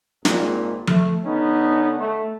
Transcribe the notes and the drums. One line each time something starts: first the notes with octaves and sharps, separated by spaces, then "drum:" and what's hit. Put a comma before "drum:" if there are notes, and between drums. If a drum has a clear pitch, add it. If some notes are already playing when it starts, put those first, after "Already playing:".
G#1 A#2, drum: snare
A3, drum: tom F3
D3 B3 C#4 D#4
A3